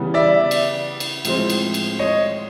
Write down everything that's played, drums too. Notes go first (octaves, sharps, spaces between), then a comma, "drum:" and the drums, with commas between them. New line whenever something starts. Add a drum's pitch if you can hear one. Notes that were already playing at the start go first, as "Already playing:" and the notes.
Already playing: C#3 E3 G3 B3
D5 E5
drum: cymbal
drum: cymbal
A2 F3 G#3 C4, drum: cymbal
drum: cymbal
drum: cymbal
C#5 D#5